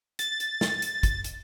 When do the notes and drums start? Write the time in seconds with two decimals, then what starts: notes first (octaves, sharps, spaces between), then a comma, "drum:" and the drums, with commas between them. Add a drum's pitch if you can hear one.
0.19 A6, drum: hi-hat
0.40 drum: hi-hat
0.61 drum: snare
0.82 drum: hi-hat
1.03 drum: kick, hi-hat
1.24 drum: hi-hat